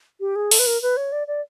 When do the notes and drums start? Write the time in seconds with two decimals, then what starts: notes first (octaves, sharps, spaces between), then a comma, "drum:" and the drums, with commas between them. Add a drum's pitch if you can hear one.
0.20 G4
0.36 G#4
0.51 A4, drum: open hi-hat
0.59 B4
0.67 A#4
0.82 B4
0.97 C#5
1.12 D5
1.27 D5